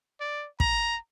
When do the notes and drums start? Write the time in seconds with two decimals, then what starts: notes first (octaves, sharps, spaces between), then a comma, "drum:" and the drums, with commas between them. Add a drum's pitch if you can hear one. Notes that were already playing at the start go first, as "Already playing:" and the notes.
0.20 D5
0.60 A#5, drum: kick